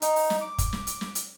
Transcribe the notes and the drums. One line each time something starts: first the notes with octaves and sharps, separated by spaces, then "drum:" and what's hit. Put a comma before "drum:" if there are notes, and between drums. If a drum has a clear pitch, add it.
D#4, drum: hi-hat
drum: open hi-hat
drum: snare
D6
drum: kick, hi-hat
drum: snare
drum: hi-hat
drum: snare
drum: hi-hat